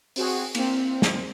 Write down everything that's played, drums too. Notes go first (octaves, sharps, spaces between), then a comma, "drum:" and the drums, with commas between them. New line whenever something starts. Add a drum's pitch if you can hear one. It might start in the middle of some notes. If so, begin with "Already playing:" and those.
C4 F#4 G#4, drum: open hi-hat
A#3 C4, drum: cymbal
drum: snare